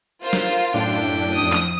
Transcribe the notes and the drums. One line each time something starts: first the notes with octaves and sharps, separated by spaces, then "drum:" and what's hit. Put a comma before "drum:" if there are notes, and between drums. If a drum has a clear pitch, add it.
F4 A#4 C5
drum: snare
F#2 A2 D4 E4 G5
F2 D#6
drum: clap